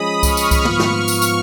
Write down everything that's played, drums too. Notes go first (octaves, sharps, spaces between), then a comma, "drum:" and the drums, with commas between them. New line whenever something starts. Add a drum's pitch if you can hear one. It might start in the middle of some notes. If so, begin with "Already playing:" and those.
Already playing: F3 G#3 C#4 G#4 D#5 B5 D#6
C#6 F6, drum: kick C2, tambourine
drum: tambourine
drum: kick C2, tambourine
G#2 F3 B3 F4 C#6 F6, drum: tom
drum: snare
C#6 F6, drum: tambourine
drum: tambourine